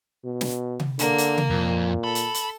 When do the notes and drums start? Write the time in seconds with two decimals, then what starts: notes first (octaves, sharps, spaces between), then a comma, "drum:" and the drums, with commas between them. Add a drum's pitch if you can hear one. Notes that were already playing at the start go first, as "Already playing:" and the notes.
0.25 B2
0.41 drum: snare
0.80 drum: tom C3
0.99 D3 A#3, drum: hi-hat
1.18 drum: hi-hat
1.38 drum: tom C3
1.50 F2 A#2
2.04 A4 B5
2.15 drum: hi-hat
2.34 drum: hi-hat